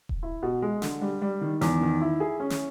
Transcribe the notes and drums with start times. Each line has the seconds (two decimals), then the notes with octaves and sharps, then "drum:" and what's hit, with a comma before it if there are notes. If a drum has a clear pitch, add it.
0.09 drum: kick D#1
0.23 E4
0.42 B2
0.62 G#3
0.82 D3, drum: snare
1.02 G3
1.22 G3
1.41 D#3
1.61 E2, drum: snare
1.81 D#3
2.01 E4
2.20 G#4
2.40 C#4
2.50 drum: snare